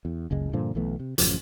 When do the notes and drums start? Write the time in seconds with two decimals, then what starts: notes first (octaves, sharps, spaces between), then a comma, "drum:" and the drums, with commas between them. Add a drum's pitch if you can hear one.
0.05 E2
0.31 F#1 C#2 G#3
0.53 G2 A#2 D3 F3
0.75 B1 E3 A3 B3
1.00 C3
1.18 A1 F#2 C#3 F3, drum: hi-hat